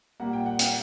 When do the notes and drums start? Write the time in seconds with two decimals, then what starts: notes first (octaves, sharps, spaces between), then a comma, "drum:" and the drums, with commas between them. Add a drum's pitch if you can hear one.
0.20 A#2 G3 A#3 F#5
0.33 G5
0.46 F#5
0.59 G5, drum: hi-hat